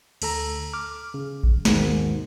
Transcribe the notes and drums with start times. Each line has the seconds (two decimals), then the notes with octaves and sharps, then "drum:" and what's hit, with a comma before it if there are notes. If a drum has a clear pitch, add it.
0.22 D2 A4 A#5, drum: cymbal
0.74 D6 F6
1.14 C#3
1.44 drum: kick A1
1.65 D#2 G#2 B2 D#3, drum: snare